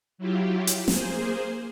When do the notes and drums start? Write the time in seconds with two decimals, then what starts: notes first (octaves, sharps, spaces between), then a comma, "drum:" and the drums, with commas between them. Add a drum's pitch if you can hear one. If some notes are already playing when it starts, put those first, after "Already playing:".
0.18 F#3 E4 F4 G4
0.67 drum: hi-hat
0.88 A#3 G#4 C5, drum: snare